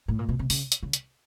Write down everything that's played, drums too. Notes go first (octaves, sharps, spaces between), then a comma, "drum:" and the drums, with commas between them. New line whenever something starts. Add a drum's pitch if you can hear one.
A2
A#2
B2
C3
C#3, drum: open hi-hat
drum: hi-hat
C#3
drum: hi-hat